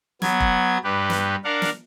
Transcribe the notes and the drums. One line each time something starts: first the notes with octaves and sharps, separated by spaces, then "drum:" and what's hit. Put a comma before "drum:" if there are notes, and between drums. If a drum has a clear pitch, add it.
F#3 B3 G#6, drum: snare
drum: kick F1
G2 G4 B4
drum: snare
D4 A#4 F5 F#5
drum: snare